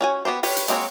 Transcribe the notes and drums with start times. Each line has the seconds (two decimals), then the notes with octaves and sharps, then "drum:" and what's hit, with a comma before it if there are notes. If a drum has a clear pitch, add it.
0.01 C#4 F#4 G#5
0.25 B3 F#4 G4 C5
0.43 G4 B4 C#5, drum: open hi-hat
0.57 drum: hi-hat
0.68 G#3 A#3 C4 F#4 C#5, drum: hi-hat